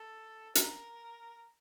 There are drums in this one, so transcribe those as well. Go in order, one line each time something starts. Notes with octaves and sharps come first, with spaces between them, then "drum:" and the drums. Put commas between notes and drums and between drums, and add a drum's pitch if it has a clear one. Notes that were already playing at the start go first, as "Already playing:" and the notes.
Already playing: A4
A#4, drum: hi-hat